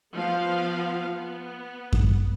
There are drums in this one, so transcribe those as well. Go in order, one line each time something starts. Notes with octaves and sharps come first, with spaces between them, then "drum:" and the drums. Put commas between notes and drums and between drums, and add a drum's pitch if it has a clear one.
F3 B3 F5
B3
drum: kick F#2